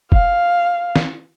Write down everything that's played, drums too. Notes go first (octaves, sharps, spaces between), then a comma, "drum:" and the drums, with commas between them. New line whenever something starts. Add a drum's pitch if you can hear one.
F5, drum: kick
drum: snare